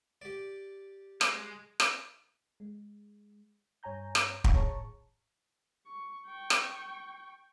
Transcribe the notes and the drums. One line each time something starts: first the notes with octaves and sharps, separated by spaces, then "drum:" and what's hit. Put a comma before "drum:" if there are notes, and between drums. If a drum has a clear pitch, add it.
G4 D5
G#3, drum: rim click
drum: rim click
G#3
G2 C#5 G#5 A#5 G6
drum: rim click
drum: kick
A2 G#4 C#5 A5 A#5 C#6
C#6
G5 C#6
drum: rim click